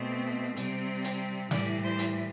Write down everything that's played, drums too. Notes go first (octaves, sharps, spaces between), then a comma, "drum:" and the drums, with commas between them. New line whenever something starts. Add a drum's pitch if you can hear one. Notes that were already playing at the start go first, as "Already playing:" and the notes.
Already playing: B2 A3 C4
C3 G3 C4, drum: hi-hat
drum: hi-hat
A2 E3 G3 D5, drum: snare
C5
drum: hi-hat